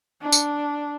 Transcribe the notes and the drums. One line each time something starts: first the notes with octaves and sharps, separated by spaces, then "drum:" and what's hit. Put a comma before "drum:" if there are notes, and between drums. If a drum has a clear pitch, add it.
D4
drum: tambourine